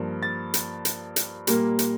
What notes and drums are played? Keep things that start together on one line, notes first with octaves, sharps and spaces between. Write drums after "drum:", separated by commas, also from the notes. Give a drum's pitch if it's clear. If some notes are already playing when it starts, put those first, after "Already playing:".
Already playing: G2 F3 A#3
A6
drum: hi-hat
drum: hi-hat
drum: hi-hat
A#2 G3 A#3, drum: hi-hat
drum: hi-hat